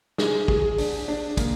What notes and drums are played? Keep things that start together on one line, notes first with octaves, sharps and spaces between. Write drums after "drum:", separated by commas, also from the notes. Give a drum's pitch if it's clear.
G#4, drum: snare
G#4, drum: kick
D4, drum: open hi-hat
D4
A#3, drum: kick, hi-hat